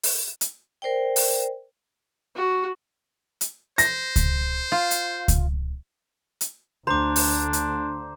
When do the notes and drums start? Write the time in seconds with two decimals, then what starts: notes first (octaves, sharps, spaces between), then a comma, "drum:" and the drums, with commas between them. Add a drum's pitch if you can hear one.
0.03 drum: open hi-hat
0.41 drum: hi-hat
0.82 A#4 C5 D5 G5
1.16 drum: open hi-hat
2.35 F#4
3.41 drum: hi-hat
3.78 C5 A#6, drum: hi-hat
4.16 drum: kick C#2, hi-hat
4.72 F4
4.91 drum: hi-hat
5.28 drum: kick C#2, hi-hat
6.41 drum: hi-hat
6.87 D2 D3 D4 C5 A#5 D6
7.16 drum: open hi-hat
7.53 drum: hi-hat